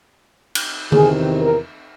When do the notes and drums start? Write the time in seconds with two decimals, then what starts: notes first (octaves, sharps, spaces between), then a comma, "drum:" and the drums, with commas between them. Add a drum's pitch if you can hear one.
0.55 drum: cymbal
0.92 E2 C3 D#3 G#4, drum: tom D3
1.40 A#4